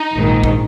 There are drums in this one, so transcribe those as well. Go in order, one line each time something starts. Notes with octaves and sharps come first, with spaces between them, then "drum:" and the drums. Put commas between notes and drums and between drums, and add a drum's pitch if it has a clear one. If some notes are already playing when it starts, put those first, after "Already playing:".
Already playing: D#4
A#1 G#2 D#3
drum: kick